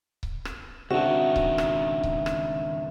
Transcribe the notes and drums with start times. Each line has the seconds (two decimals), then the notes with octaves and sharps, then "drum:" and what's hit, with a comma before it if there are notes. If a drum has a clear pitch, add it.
0.23 drum: kick C#1
0.45 drum: rim click
0.91 C#2 D#3 C4 D4 F#4 E5
1.36 drum: kick C#1
1.58 drum: rim click
2.03 drum: kick C#1
2.26 drum: rim click